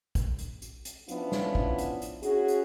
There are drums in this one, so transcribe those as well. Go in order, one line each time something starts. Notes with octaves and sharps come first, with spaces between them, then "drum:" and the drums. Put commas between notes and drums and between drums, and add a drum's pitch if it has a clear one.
drum: kick, hi-hat
drum: hi-hat
drum: hi-hat
drum: hi-hat
F3 B3 C#4 D4 E4 F4, drum: hi-hat
drum: snare
drum: kick
drum: hi-hat
drum: hi-hat
C#4 E4 F#4 G#4, drum: hi-hat
drum: hi-hat